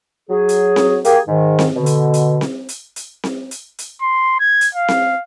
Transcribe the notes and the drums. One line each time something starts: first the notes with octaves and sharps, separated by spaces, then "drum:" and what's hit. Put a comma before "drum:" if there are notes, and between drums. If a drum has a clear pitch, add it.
F#3 G#4
drum: hi-hat
drum: snare C4
A#3 G4 G#4, drum: hi-hat
G#2 D#3
drum: snare C4
B2 D3
drum: hi-hat
drum: hi-hat
drum: snare C4
drum: hi-hat
drum: hi-hat
drum: snare C4
drum: hi-hat
drum: hi-hat
C6
G#6
drum: hi-hat
F5
drum: snare C4